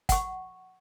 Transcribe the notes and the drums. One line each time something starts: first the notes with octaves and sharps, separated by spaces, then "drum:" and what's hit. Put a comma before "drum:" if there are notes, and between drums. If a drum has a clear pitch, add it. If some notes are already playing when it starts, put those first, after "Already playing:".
F#5 C#6, drum: kick, hi-hat